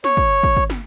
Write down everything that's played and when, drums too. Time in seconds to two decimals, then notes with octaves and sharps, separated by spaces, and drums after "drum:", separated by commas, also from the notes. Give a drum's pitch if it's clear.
0.04 C#5, drum: snare
0.17 drum: kick
0.43 drum: kick
0.57 drum: kick
0.70 drum: snare